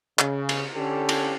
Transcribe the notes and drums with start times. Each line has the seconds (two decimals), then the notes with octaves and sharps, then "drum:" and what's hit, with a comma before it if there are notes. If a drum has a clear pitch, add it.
0.19 C#3, drum: clap
0.49 drum: cymbal
0.75 D3 C#4 G4 A4
1.09 drum: cymbal